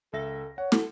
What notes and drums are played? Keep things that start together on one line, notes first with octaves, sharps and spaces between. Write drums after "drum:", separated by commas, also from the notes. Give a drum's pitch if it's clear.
C#2 A4 E5 A#6
C#5 F#5
A4, drum: snare